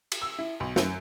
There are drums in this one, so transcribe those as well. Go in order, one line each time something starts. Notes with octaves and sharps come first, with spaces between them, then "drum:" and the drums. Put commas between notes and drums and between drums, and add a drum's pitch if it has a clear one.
drum: cymbal
E6
E4
B1
F#2, drum: snare